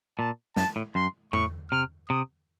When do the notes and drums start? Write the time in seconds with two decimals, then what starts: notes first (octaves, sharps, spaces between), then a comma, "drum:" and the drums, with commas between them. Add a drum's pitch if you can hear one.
0.19 A#2 A5
0.56 F#2 A5, drum: snare
0.76 A2
0.95 F#2 C6
1.33 A2 C#6, drum: tom E2
1.71 C3 F6
2.09 C3 D#6